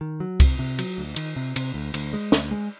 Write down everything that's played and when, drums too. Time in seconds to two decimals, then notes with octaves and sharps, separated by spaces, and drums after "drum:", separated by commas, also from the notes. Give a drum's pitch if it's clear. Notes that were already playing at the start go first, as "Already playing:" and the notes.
0.01 D#3
0.20 F#3
0.40 C3, drum: kick C2, cymbal
0.59 C3
0.79 F#3, drum: cymbal
0.98 D2
1.16 D#3, drum: cymbal
1.36 C3
1.56 C3, drum: cymbal
1.74 D2
1.94 D2, drum: cymbal
2.13 G#3
2.32 D2, drum: snare
2.51 G#3